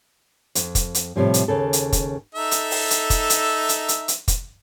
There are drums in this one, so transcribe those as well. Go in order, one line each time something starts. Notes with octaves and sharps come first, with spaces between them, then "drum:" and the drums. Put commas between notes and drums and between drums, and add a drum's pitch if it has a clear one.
F2, drum: hi-hat
drum: kick, hi-hat
drum: hi-hat
A2 C3 F3 G3
drum: hi-hat
D#2 C#3 A4
drum: hi-hat
drum: kick, hi-hat
D#4 A4 E5
drum: hi-hat
drum: open hi-hat
drum: hi-hat
drum: kick, hi-hat
drum: hi-hat
drum: hi-hat
drum: hi-hat
drum: hi-hat
drum: kick, hi-hat